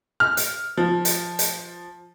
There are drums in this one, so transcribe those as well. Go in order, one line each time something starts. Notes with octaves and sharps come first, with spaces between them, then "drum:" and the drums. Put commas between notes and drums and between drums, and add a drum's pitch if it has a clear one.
F6
drum: hi-hat
F3
drum: hi-hat
drum: hi-hat